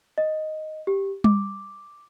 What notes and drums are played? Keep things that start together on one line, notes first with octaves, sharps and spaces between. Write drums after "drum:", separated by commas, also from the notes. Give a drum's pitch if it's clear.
D#5
G4
D6, drum: tom G3